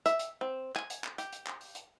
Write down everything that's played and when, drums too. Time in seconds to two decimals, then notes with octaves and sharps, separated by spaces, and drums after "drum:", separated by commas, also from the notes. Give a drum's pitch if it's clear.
0.06 E5, drum: hi-hat
0.19 drum: hi-hat
0.41 C4
0.76 G#5, drum: clap
0.90 drum: hi-hat
1.04 drum: clap
1.18 G4, drum: hi-hat
1.32 drum: hi-hat
1.47 drum: clap
1.61 drum: open hi-hat
1.75 drum: hi-hat